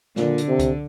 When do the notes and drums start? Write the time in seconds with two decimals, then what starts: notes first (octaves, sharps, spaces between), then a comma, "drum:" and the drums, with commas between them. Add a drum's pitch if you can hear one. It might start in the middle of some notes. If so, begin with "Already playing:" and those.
0.16 A#2 D3, drum: snare
0.38 drum: hi-hat
0.48 C3
0.59 drum: kick C#2, hi-hat